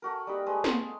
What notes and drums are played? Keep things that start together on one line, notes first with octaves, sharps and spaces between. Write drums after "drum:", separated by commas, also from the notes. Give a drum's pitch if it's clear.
A3 F#4 A#4
G3 A#3 D#4 B5
G#3 A3 B4 D#5
C6, drum: snare